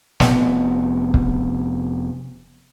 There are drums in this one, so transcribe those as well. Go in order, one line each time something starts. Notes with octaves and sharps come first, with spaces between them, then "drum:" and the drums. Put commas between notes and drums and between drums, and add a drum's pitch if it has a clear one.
F1 B3, drum: snare
drum: kick